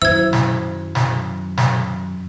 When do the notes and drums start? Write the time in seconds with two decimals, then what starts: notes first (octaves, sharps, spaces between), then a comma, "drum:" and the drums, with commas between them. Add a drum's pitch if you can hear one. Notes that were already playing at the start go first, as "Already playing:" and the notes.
0.02 F#2 D#3 F#3 E4 C5 E5 E6 G#6
0.33 drum: snare
0.95 drum: snare
1.58 drum: snare